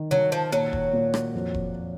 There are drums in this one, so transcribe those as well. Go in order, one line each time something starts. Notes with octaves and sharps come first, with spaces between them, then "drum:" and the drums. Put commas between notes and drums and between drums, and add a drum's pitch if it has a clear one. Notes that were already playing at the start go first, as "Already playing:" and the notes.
Already playing: D#3
D#3 F#3
F3
A#2 F#3
drum: kick F1
A#2
drum: rim click
F2
drum: kick F1